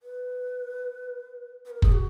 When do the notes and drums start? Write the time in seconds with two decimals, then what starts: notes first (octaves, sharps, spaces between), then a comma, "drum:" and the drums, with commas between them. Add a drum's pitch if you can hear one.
0.03 B4
1.65 B4
1.70 A#4
1.82 G#4, drum: kick
1.92 F#4